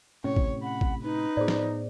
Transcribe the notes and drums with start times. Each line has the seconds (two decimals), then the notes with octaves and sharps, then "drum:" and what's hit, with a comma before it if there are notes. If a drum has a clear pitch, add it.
0.24 A2 C3 C#4 C#5
0.36 drum: kick A1
0.63 F#5 B5
0.81 drum: kick A1
1.04 D#4 B4
1.37 A2 B3 G#4 C5 D5
1.48 drum: snare